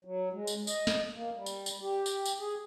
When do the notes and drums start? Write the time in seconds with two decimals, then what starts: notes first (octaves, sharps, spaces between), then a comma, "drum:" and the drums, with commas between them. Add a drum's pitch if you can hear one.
0.05 F#3
0.33 G#3
0.47 drum: tambourine
0.67 D#5, drum: tambourine
0.87 drum: snare
1.15 A#3
1.35 G3
1.46 drum: tambourine
1.66 drum: tambourine
1.82 G4
2.06 drum: tambourine
2.26 drum: tambourine
2.39 G#4